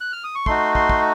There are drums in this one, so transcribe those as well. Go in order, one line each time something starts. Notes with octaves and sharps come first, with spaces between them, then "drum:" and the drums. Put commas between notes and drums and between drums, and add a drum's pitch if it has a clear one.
F#6
F6
D#6
C#6
A3 D#4 F#4 C6, drum: kick
C6, drum: kick
drum: kick